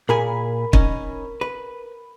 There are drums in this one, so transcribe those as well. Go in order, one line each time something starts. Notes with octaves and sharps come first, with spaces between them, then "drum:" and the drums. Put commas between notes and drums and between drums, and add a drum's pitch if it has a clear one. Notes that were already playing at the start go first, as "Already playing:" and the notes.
A#2 G#4 A#4 G#5 B5
C#4 D#4, drum: kick
B4